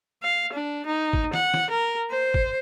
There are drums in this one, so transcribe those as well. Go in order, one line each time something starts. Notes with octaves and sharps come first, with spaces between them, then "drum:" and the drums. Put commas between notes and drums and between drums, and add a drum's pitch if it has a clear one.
F5
D4
D#4
drum: kick
F#5, drum: snare
drum: snare
A#4
C5
drum: kick